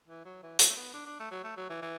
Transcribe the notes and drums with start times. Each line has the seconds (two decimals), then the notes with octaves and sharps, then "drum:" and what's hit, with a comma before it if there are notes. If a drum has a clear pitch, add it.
0.08 E3
0.25 F#3
0.43 E3
0.59 F#3, drum: hi-hat
0.70 A3
0.76 B3
0.94 D4
1.06 D4
1.20 A3
1.31 F#3
1.44 A3
1.57 F#3
1.70 E3
1.82 E3